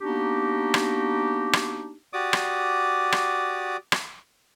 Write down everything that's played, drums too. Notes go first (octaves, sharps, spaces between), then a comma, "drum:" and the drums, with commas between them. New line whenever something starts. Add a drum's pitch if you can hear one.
A#3 B3 D4 D#4 F#4 G4
drum: rim click
drum: rim click
F#4 G4 D5 D6 D#6
drum: rim click
drum: rim click
drum: rim click